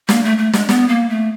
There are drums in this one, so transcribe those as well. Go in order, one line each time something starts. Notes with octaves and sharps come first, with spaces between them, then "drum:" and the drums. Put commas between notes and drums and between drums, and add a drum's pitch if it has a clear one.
A#3, drum: snare
A3
A3
G#3, drum: snare
B3, drum: snare
A#3
A3